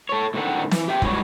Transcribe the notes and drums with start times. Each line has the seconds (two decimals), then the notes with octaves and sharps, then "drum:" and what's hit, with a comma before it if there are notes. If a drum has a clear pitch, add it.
0.09 A4 C#5
0.34 A2 D3 D#3 C4 F#5
0.71 E3, drum: snare
0.88 G4 E5 G5
1.02 G#2 E3 F#3 G3 C#5, drum: kick